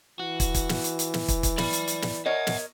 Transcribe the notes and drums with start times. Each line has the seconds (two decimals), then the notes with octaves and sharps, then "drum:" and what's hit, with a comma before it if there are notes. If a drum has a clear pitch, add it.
0.20 E3 F#4
0.40 drum: kick, hi-hat
0.54 drum: kick, hi-hat
0.69 drum: snare
0.84 drum: hi-hat
0.99 drum: hi-hat
1.14 drum: snare
1.28 drum: kick, hi-hat
1.43 drum: kick, hi-hat
1.58 D5 B5, drum: snare
1.73 drum: hi-hat
1.88 drum: hi-hat
2.02 drum: snare
2.26 A#4 C#5 D#5 E5 F#5
2.47 drum: snare